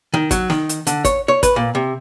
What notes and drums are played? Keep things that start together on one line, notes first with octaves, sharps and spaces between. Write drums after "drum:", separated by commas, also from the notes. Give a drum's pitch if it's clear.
D#3
F#3, drum: kick, hi-hat
D#3, drum: snare
drum: hi-hat
D3, drum: hi-hat
C#5, drum: kick, hi-hat
C#5
B4, drum: kick, hi-hat
A#2
C3